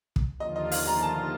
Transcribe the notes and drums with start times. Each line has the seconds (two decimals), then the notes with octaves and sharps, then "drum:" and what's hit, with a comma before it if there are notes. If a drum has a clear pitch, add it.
0.16 drum: kick
0.40 D#2 D3 F3 A#3 F4 D#5
0.56 D#5
0.72 F5, drum: open hi-hat
0.87 A#5
1.03 A5